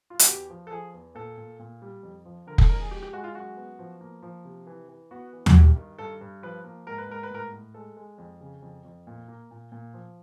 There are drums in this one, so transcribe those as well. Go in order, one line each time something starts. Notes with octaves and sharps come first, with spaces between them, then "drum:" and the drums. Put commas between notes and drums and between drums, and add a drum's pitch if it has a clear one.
F4
F#4, drum: hi-hat
E2 G4
F3
A4
F3 G#4
E2
A#2 A4
A#2
A#2
G3
F2
F3
D3 A#4
A4, drum: kick F1
F2 A#4
G#4
G#3 G4
G4
G#3 F#4
F4
F#2 F#4
B3
F3
A#3
F3
C3
E3
E3
B3 F#4
E3
F#4, drum: tom D#2
G2 G4
D#3
G2 A4
G2
F3 B4
A#3
G#2 A#4
B4
G#2 A#4
B4
A2 A#4
A2
G#3 A4
G#3
F2
C#3
F2
F2
A#2
A#3
A#2
A#2
F3